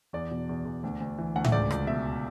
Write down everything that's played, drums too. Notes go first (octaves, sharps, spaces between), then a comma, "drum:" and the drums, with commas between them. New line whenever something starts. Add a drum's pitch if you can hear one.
E2 D5
B2
E2
E2
D2
D2
E3
D2 F#5
E5, drum: tom A2
C#2 D5
C#2, drum: rim click
B2 E5